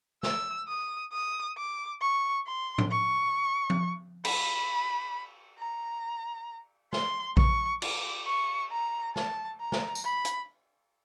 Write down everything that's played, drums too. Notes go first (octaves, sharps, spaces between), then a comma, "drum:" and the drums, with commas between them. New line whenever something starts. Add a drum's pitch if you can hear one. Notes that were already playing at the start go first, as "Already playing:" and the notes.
E6, drum: snare
D#6
D#6
D6
C#6
C6
drum: tom
C#6
drum: tom F3
B5, drum: cymbal
A#5
C6, drum: snare
C#6, drum: kick A#1
D6, drum: cymbal
C#6
A#5
A5, drum: snare
A#5
drum: snare
drum: tambourine
B5
drum: hi-hat